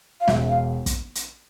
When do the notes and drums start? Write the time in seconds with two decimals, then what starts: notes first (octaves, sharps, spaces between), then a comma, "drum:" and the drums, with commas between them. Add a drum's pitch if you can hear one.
0.21 F5
0.28 E1 E5, drum: snare
0.49 F5
0.86 drum: kick, hi-hat
1.15 drum: hi-hat